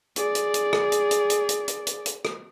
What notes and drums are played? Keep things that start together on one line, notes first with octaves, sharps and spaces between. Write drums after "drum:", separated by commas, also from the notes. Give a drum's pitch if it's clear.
G#4 D5, drum: hi-hat
drum: hi-hat
drum: hi-hat
drum: rim click
drum: hi-hat
drum: hi-hat
drum: hi-hat
drum: hi-hat
drum: hi-hat
drum: hi-hat
drum: hi-hat
drum: rim click